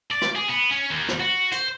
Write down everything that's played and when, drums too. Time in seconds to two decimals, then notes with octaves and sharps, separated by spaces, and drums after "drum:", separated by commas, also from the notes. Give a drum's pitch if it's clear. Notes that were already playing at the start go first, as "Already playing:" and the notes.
0.11 D5
0.22 drum: rim click
0.36 G#4
0.50 B3
0.71 C#4
0.90 D#2
1.09 drum: rim click
1.20 F#4
1.52 C5, drum: hi-hat